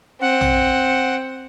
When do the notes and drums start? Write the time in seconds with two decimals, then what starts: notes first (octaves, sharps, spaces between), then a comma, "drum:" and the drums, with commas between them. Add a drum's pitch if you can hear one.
0.21 C4 F#5
0.41 drum: tom